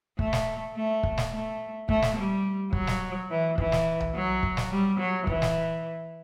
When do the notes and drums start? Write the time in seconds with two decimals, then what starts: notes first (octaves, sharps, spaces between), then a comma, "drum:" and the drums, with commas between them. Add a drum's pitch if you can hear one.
0.19 A3, drum: kick
0.33 drum: snare
0.76 A3
1.03 drum: kick
1.18 drum: snare
1.32 A3
1.89 A3, drum: kick
2.02 drum: snare
2.16 G3
2.73 F#3, drum: kick
2.87 drum: snare
3.30 E3
3.58 E3, drum: kick
3.72 drum: snare
4.00 drum: tom B1
4.15 F#3
4.43 drum: kick
4.57 drum: snare
4.71 G3
4.99 F#3
5.27 E3, drum: kick
5.42 drum: snare